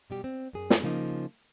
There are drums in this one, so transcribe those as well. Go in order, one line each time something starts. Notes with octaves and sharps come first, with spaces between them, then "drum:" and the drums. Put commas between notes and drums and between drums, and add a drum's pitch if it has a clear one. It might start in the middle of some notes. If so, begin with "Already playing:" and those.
B2 G3 G4
C4
F#2 G#4
drum: snare
C#3 F3 A#3 D#4